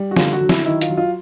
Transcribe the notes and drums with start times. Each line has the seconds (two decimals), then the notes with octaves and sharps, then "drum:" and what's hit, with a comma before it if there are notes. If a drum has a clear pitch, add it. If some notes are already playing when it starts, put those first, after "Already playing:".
Already playing: G3
0.11 F#4
0.17 D3 F4, drum: snare
0.33 F#4
0.41 F#3
0.49 E4, drum: snare
0.65 D#3 E4
0.81 F4, drum: hi-hat
0.90 F#3
0.97 F4